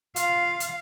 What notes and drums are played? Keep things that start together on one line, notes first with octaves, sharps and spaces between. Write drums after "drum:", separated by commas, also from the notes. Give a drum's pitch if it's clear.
F4 F5, drum: hi-hat
drum: hi-hat